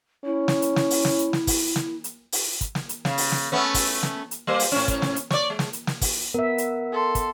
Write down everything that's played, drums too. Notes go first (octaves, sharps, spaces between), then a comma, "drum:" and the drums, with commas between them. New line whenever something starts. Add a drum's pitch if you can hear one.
C#4 E4
drum: snare
drum: hi-hat
drum: snare
drum: open hi-hat
drum: snare
drum: hi-hat
drum: snare
drum: kick, open hi-hat
drum: snare
drum: hi-hat
drum: open hi-hat
drum: kick, hi-hat
drum: snare
drum: hi-hat
C#3, drum: snare
drum: open hi-hat
drum: snare
A3 B3 C#4
drum: kick, open hi-hat
drum: snare
drum: hi-hat
G3 A#3 C5
drum: open hi-hat
A2 C#4
drum: kick, hi-hat
drum: snare
drum: hi-hat
C#5 D5, drum: snare
G#3
drum: snare
drum: hi-hat
drum: snare
drum: kick, open hi-hat
B3 A#4 E5
drum: hi-hat
A4 C6
drum: kick, hi-hat